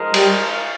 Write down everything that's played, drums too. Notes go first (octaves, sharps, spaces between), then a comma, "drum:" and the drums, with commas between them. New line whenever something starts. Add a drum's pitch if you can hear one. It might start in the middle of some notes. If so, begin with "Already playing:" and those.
Already playing: F3 G#3 D#4 A#4
G3, drum: cymbal